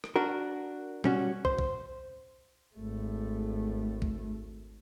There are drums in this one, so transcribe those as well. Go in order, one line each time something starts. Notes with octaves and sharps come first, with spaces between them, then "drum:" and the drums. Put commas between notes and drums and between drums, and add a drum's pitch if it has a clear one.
drum: rim click
D4 F#4 A#4
G3 C#4 F#4, drum: tom B2
C5, drum: kick
drum: kick
G#1 A3
drum: kick